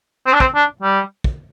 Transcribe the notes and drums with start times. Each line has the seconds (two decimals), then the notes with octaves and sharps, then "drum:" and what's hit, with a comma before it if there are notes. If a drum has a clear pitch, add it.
0.26 C4
0.33 D4
0.40 C4, drum: kick
0.55 D4
0.82 G3
1.24 drum: kick